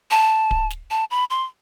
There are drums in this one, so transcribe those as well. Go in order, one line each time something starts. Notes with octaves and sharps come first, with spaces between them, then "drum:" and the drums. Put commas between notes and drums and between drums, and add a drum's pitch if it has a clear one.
A5
drum: kick D1
drum: snare
A5
B5
C6